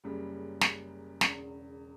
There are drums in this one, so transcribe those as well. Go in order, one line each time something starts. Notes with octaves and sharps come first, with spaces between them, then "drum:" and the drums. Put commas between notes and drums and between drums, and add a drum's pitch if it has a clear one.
F#1 F#2 C#3 G3
drum: snare
E1 E2 C#3, drum: snare